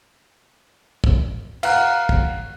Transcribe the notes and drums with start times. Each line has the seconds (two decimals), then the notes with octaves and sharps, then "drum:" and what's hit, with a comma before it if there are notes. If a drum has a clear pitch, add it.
1.04 drum: kick
1.63 F5 F#5 A#5 F#6, drum: cymbal
2.09 drum: kick